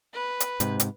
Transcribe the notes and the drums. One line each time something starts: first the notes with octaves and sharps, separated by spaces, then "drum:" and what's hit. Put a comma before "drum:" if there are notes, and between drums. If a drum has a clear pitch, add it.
B4
drum: hi-hat
G#2 C3, drum: hi-hat
drum: hi-hat